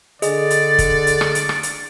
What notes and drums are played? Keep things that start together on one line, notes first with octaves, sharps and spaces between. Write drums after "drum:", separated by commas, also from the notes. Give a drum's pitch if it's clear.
D3 G#4 D5 D#5, drum: hi-hat
drum: hi-hat
drum: kick, hi-hat
drum: hi-hat
drum: rim click
drum: hi-hat
drum: rim click
drum: hi-hat